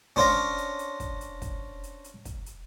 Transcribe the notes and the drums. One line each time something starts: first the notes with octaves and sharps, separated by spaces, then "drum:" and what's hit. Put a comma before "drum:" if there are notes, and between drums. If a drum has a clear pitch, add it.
C#4 D4 C5 C#5 F5 A#5, drum: kick
drum: hi-hat
drum: hi-hat
drum: kick, hi-hat
drum: hi-hat
drum: kick, hi-hat
drum: hi-hat
drum: hi-hat
drum: kick, hi-hat
drum: hi-hat